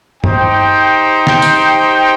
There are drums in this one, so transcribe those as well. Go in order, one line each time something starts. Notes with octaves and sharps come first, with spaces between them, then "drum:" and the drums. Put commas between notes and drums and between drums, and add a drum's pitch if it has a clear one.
D#4 G4 C5 G5, drum: tom G2
drum: snare
drum: tambourine